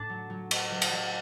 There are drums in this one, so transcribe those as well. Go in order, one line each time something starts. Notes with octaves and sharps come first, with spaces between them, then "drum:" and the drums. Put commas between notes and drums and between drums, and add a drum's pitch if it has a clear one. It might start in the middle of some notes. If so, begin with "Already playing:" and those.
Already playing: A2 D4 A5
F#3
F#3
D4, drum: cymbal
F#3
drum: cymbal
F#3